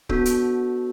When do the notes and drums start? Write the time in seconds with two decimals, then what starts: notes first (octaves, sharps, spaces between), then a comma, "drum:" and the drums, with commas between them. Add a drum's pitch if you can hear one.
0.09 B3 D4 F#4 A4, drum: kick C#1
0.25 drum: hi-hat